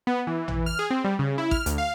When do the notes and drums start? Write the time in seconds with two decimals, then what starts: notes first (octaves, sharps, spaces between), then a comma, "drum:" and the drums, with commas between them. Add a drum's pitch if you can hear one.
0.07 B3
0.27 E3
0.48 E3, drum: tom
0.66 F6
0.79 G#4
0.90 C4
1.04 G3
1.19 C#3
1.38 E4
1.51 F6, drum: kick A1
1.66 D2, drum: hi-hat
1.78 F5